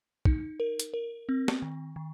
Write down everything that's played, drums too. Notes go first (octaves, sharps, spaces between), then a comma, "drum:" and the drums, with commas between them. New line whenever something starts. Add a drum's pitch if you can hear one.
D#4, drum: kick
A#4
drum: hi-hat
A#4
C4
drum: snare
D#3
D#3